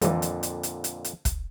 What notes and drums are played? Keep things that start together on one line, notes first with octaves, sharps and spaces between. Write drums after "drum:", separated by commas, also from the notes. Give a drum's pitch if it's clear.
F2 A#2 D3 E3 F#3 G#3, drum: hi-hat
drum: hi-hat
drum: hi-hat
drum: hi-hat
drum: hi-hat
drum: hi-hat
drum: kick, hi-hat